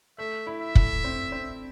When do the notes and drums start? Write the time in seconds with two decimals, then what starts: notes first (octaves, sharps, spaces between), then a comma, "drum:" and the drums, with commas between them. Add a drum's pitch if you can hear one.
0.18 A3 E5
0.47 E4
0.61 E5
0.75 A3, drum: kick
1.04 C4
1.32 C4